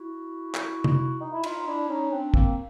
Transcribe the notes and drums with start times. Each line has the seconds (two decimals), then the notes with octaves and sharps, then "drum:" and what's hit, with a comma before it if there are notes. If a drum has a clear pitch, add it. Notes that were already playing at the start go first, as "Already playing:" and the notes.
Already playing: E4 F#4
0.55 drum: clap
0.84 drum: tom C3
1.20 D#4
1.32 E4
1.43 D#4 F4, drum: cymbal
1.66 D4 E4
1.89 C#4 D#4
2.11 C4 D4
2.34 A#3 C4, drum: kick